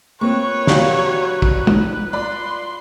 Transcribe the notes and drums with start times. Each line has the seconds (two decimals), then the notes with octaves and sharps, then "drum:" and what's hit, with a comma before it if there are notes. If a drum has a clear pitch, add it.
0.21 A#3 C4 F4 B4 C#5 C#6
0.67 F#3 C4 D4 F#4 G4 F5, drum: snare
1.42 drum: kick
1.67 drum: tom
2.13 F4 D5 B5 C6